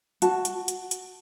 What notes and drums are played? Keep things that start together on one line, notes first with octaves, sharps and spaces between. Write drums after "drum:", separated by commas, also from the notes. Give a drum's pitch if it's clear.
F#4 A5, drum: hi-hat
drum: hi-hat
drum: hi-hat
drum: hi-hat